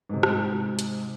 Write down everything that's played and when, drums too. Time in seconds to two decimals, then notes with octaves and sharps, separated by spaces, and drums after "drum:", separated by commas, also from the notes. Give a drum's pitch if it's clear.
0.09 G#2 C3
0.23 drum: rim click
0.79 drum: hi-hat